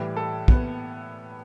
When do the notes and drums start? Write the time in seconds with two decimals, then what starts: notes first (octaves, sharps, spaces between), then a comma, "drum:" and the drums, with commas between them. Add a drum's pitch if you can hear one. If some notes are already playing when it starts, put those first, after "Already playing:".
Already playing: A2 E3 G3 B4
0.17 A4
0.48 B3, drum: kick